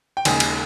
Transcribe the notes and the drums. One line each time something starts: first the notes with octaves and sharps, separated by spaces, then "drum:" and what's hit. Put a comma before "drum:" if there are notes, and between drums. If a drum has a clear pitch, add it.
G5
D#2 C#3 G#3 G#5, drum: cymbal
drum: cymbal